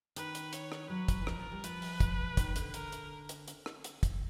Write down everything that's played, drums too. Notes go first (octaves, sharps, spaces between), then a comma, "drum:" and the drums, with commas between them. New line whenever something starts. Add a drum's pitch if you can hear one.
D#3 B4, drum: hi-hat
drum: hi-hat
C#5, drum: hi-hat
drum: rim click
F#3 B4
drum: kick, hi-hat
E3
F3 A#4, drum: rim click
F3
G3
F3 B4, drum: hi-hat
drum: open hi-hat
drum: kick, hi-hat
D#3, drum: kick, hi-hat
D3, drum: hi-hat
A#4, drum: hi-hat
drum: hi-hat
drum: hi-hat
drum: hi-hat
drum: rim click
drum: hi-hat
drum: kick, hi-hat